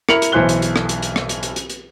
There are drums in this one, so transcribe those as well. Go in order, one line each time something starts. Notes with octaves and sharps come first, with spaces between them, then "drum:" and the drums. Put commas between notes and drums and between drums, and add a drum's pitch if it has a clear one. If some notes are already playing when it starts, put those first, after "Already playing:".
E4 A#4 C#7 F7 F#7, drum: rim click
drum: hi-hat
B1 E3 C5 F#6 G7
drum: hi-hat
drum: hi-hat
drum: rim click
drum: hi-hat
drum: hi-hat
drum: rim click
drum: hi-hat
drum: hi-hat
drum: hi-hat
drum: hi-hat